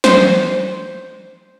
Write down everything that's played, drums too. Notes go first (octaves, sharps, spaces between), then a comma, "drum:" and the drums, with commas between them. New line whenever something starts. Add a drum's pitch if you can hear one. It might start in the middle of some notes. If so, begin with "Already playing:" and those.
C5, drum: snare